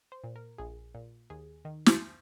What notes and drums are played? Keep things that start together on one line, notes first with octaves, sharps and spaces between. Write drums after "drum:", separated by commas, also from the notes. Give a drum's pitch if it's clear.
C5
A#2
A#4
A#1 G#4
A#2
D#2 G#4
D#3
drum: snare